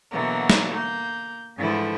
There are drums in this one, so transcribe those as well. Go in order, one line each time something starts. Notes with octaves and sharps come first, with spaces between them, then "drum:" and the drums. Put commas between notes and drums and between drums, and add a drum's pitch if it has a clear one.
B2 D3 E3 F#3 A#3
drum: snare
A#3 G6
G#2 D3 E3 F3 A3 E4